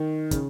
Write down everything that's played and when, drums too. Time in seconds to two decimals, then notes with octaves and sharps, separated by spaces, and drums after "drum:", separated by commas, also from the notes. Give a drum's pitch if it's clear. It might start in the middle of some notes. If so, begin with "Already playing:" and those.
Already playing: D#3
0.31 C#3, drum: kick, hi-hat